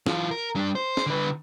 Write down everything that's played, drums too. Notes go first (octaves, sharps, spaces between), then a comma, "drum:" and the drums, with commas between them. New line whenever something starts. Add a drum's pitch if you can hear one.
E3 F4, drum: snare
A#4
G3 D4
C5
drum: snare
D3 B4